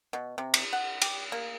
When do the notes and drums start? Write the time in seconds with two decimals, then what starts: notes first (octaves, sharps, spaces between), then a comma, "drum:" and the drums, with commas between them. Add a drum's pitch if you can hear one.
0.13 B2
0.38 C3
0.54 drum: cymbal
0.73 F#5
1.02 G4, drum: cymbal
1.32 A#3